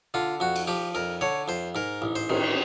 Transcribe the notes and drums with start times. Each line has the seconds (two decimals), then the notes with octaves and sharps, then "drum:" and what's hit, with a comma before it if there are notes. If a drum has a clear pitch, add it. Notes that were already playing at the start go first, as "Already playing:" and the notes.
0.14 D3 F4
0.40 F2 F#4
0.56 drum: cymbal
0.67 F3 G4
0.95 F2 A#4
1.21 D3 C#5
1.48 F2 C5
1.75 G#2 A#4
2.02 A1
2.16 C5
2.29 D#3, drum: cymbal